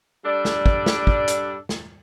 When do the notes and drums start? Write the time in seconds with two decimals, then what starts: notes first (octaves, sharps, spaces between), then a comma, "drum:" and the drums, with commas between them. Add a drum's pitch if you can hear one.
0.24 G3 D4 A4 D5
0.45 drum: snare
0.66 drum: kick
0.86 drum: snare
1.07 drum: kick
1.28 drum: hi-hat
1.69 drum: snare